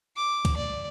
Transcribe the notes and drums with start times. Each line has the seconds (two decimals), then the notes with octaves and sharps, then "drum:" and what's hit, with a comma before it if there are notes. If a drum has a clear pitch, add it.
0.17 D6
0.45 drum: kick, cymbal
0.57 D5